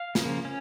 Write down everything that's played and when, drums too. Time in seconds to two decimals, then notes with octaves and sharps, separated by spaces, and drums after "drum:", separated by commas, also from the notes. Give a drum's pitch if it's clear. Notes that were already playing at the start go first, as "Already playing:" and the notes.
Already playing: F5
0.15 C#3 F3 A#3, drum: snare
0.45 C#4